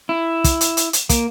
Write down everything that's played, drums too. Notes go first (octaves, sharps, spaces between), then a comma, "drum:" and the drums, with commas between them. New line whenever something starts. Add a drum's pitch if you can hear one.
E4
drum: kick, hi-hat
drum: hi-hat
drum: hi-hat
drum: hi-hat
A#3, drum: kick, hi-hat